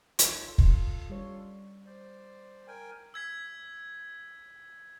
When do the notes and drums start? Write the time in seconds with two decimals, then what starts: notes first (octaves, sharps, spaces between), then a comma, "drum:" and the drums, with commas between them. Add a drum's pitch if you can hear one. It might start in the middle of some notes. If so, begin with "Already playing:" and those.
0.19 D#4 F4 C#5, drum: hi-hat
0.47 F4 A4 C6
0.58 drum: kick
1.10 G3 C#5
1.86 C5 D5
2.67 A#4 G5 G#5
3.14 E6 G#6 B6